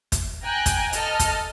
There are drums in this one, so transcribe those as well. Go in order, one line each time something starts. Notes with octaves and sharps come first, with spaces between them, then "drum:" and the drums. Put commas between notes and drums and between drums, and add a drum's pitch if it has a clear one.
drum: kick, hi-hat
G5 G#5 A#5 F#6
drum: kick, hi-hat
A4 D#5 F6, drum: hi-hat
drum: kick, hi-hat